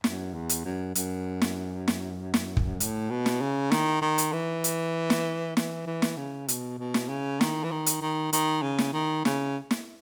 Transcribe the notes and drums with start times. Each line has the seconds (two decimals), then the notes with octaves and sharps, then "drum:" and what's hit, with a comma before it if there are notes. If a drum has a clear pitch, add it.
0.04 F#2, drum: snare
0.34 E2
0.49 drum: hi-hat
0.65 F#2
0.95 F#2, drum: hi-hat
1.42 drum: snare
1.88 drum: snare
2.34 drum: snare
2.57 drum: kick
2.80 A2, drum: hi-hat
3.10 B2
3.26 drum: snare
3.41 C#3
3.72 D#3, drum: snare
4.02 D#3
4.18 drum: hi-hat
4.33 E3
4.64 drum: hi-hat
5.10 drum: snare
5.57 E3, drum: snare
5.87 E3
6.02 drum: snare
6.17 C#3
6.48 B2, drum: hi-hat
6.79 B2
6.94 drum: snare
7.09 C#3
7.41 D#3, drum: snare
7.64 E3
7.71 D#3
7.86 drum: hi-hat
8.02 D#3
8.33 D#3, drum: hi-hat
8.63 C#3
8.78 drum: snare
8.93 D#3
9.25 C#3, drum: snare
9.71 drum: snare